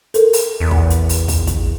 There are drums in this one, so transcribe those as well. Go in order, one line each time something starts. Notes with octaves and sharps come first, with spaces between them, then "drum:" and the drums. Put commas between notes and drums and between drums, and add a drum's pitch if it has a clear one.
A4 A#4, drum: hi-hat
drum: open hi-hat
E2
drum: kick
drum: hi-hat
drum: open hi-hat
drum: kick, open hi-hat
drum: kick, hi-hat